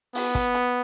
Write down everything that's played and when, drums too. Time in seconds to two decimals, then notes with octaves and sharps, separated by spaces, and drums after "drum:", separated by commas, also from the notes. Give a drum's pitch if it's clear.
0.15 B3, drum: open hi-hat
0.35 drum: kick, hi-hat
0.55 drum: hi-hat